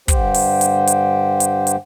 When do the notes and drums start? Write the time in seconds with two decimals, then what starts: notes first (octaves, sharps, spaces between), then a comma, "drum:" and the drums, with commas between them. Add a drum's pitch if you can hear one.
0.08 G2 D3 G4 C5, drum: kick, hi-hat
0.35 drum: open hi-hat
0.61 drum: hi-hat
0.87 drum: hi-hat
1.40 drum: hi-hat
1.67 drum: hi-hat